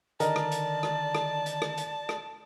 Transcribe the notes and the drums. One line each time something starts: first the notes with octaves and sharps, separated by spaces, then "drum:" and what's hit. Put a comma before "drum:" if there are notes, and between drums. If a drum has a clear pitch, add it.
D3 D#3 A#4 D5 D#5 A5, drum: hi-hat
drum: rim click
drum: hi-hat
drum: rim click
drum: rim click
drum: hi-hat
drum: rim click
drum: hi-hat
drum: rim click